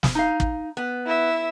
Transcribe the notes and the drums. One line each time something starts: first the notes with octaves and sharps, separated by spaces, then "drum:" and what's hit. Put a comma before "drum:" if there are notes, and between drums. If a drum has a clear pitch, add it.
drum: snare
D#4 F5
drum: kick
B3
E4 E5